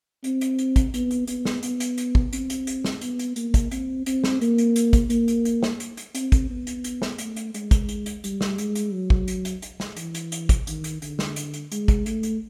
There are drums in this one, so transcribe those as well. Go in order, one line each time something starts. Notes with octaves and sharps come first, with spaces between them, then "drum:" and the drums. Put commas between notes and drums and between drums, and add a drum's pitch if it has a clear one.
C4, drum: hi-hat
drum: hi-hat
drum: hi-hat
drum: kick, hi-hat
B3, drum: hi-hat
drum: hi-hat
B3, drum: hi-hat
drum: snare
B3, drum: hi-hat
drum: hi-hat
drum: hi-hat
drum: kick
C4, drum: hi-hat
drum: hi-hat
drum: hi-hat
drum: snare
B3, drum: hi-hat
drum: hi-hat
A#3, drum: hi-hat
drum: kick, hi-hat
C4, drum: hi-hat
C4, drum: hi-hat
drum: snare
A#3, drum: hi-hat
drum: hi-hat
drum: hi-hat
drum: kick, hi-hat
A#3, drum: hi-hat
drum: hi-hat
drum: hi-hat
drum: snare
drum: hi-hat
drum: hi-hat
C4, drum: hi-hat
drum: kick, hi-hat
B3
drum: hi-hat
drum: hi-hat
drum: snare
A3, drum: hi-hat
drum: hi-hat
G#3, drum: hi-hat
drum: kick, hi-hat
drum: hi-hat
drum: hi-hat
G3, drum: hi-hat
drum: snare
G#3, drum: hi-hat
drum: hi-hat
F#3
drum: kick
drum: hi-hat
drum: hi-hat
drum: hi-hat
drum: snare
E3, drum: hi-hat
drum: hi-hat
drum: hi-hat
drum: kick, hi-hat
D#3, drum: hi-hat
drum: hi-hat
D3, drum: hi-hat
drum: snare
drum: hi-hat
drum: hi-hat
G#3, drum: hi-hat
drum: kick, hi-hat
A3, drum: hi-hat
drum: hi-hat